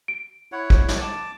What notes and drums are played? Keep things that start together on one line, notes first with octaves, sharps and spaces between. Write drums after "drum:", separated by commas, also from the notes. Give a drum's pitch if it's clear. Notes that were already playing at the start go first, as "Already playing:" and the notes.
D7
E4 C#5 F#5
drum: kick
drum: snare
A5 D6